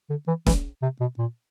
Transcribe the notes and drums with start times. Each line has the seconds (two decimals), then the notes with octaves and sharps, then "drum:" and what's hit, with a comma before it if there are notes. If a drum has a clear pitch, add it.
0.10 D3
0.27 E3
0.47 E3, drum: snare
0.82 C3
1.01 B2
1.18 A#2